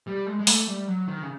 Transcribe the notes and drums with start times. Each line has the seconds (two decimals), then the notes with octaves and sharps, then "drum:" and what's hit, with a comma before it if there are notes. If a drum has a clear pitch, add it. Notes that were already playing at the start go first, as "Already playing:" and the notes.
0.07 G3
0.27 G#3
0.39 G#3
0.47 A3, drum: open hi-hat
0.67 G3
0.87 F#3
1.07 D#3
1.22 C#3